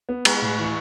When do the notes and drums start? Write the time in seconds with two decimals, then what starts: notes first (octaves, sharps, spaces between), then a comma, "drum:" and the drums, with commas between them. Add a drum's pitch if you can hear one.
0.09 B3
0.25 G#3, drum: cymbal
0.42 A2
0.58 E3
0.64 C#6